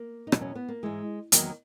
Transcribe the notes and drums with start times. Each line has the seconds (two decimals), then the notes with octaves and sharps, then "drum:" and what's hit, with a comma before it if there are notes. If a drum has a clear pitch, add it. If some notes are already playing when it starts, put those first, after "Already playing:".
Already playing: A#3
0.27 D#4
0.32 E2 B2 F#3, drum: rim click
0.41 C#4
0.55 B3
0.69 A#3
0.83 G#2 E3 G#3
1.32 E2 D#3 F#3 A#3, drum: hi-hat